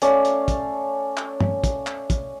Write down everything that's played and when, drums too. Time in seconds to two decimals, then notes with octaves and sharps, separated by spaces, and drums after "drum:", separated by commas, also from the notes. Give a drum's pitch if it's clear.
0.02 A3 C#4 D5 F5, drum: hi-hat
0.25 drum: hi-hat
0.48 drum: kick, hi-hat
1.17 drum: clap
1.40 drum: tom
1.64 drum: kick, hi-hat
1.87 drum: clap
2.10 drum: kick, hi-hat